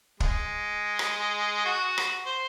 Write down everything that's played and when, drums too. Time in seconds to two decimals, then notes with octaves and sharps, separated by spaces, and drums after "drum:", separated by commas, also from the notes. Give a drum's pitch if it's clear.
0.20 G#3, drum: kick
0.99 drum: rim click
1.65 F#4
1.98 drum: rim click
2.26 C5